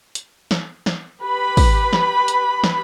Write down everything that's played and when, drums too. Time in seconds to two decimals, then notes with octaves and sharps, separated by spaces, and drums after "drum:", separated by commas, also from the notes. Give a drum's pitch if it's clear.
0.15 drum: hi-hat
0.51 drum: snare
0.86 drum: snare
1.22 G4 B4 B5
1.57 drum: kick, open hi-hat
1.93 drum: snare
2.28 drum: hi-hat
2.64 drum: snare